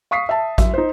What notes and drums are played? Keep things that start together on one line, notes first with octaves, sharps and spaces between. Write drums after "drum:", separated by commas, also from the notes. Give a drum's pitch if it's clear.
F5 C#6 D#6 B6 C7
E5 A5
F#2 E5, drum: kick A1, hi-hat
D#4 C5